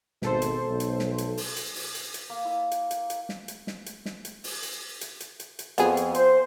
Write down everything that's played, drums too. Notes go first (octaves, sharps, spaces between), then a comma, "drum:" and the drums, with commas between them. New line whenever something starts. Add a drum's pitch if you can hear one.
G#1 B2 A4 C5, drum: snare
drum: hi-hat
B1
drum: hi-hat
drum: snare
drum: hi-hat
drum: open hi-hat
drum: hi-hat
drum: open hi-hat
drum: hi-hat
drum: hi-hat
A#3 D6
E4 D#5 F5
drum: hi-hat
drum: hi-hat
drum: hi-hat
drum: snare
drum: hi-hat
drum: snare
drum: hi-hat
drum: snare
drum: hi-hat
drum: open hi-hat
drum: hi-hat
drum: hi-hat
drum: hi-hat
drum: hi-hat
drum: hi-hat
F2 B3 G#4, drum: hi-hat
drum: hi-hat
C5, drum: hi-hat